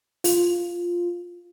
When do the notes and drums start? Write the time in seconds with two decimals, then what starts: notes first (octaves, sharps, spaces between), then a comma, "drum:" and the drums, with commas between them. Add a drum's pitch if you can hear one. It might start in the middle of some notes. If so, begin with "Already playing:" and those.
0.24 F4, drum: open hi-hat